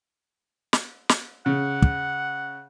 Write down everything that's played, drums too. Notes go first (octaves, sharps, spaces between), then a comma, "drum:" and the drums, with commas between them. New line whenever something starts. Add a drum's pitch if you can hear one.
drum: snare
drum: snare
C#3 F#5
drum: kick